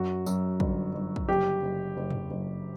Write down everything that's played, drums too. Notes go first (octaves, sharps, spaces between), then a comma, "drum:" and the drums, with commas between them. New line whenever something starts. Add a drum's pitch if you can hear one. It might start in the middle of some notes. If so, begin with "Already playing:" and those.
Already playing: F#2 F#4
F#2, drum: tambourine
G1, drum: kick
G1
drum: kick
F#1 G4
F#1
F#1
drum: tom
F#1